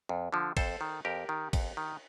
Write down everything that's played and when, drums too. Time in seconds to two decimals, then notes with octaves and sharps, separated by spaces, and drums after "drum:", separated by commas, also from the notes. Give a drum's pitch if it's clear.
0.09 F2
0.32 D3 F3
0.57 F2 A4 C5, drum: kick, cymbal
0.81 D#3
1.05 F2 G4 A#4
1.29 D#3
1.53 F2, drum: kick, cymbal
1.77 D#3